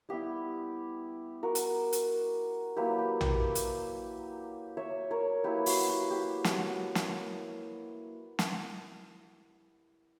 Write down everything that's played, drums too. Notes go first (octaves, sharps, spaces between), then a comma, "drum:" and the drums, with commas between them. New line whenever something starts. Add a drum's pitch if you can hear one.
G3 B3 E4 G4
F#4 A#4
drum: hi-hat
drum: hi-hat
F#3 A#3 E4 G4 B4
G4
G4, drum: tom A#1
drum: hi-hat
C#5 E5
A#4 C#5
F#3 A#3 E4 G4 B4
F#4, drum: open hi-hat
F#4
G4
F#4, drum: snare
drum: snare
drum: snare